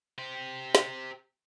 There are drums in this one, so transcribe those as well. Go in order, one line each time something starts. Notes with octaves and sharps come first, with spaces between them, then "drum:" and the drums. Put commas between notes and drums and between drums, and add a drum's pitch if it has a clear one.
G4 C5
drum: snare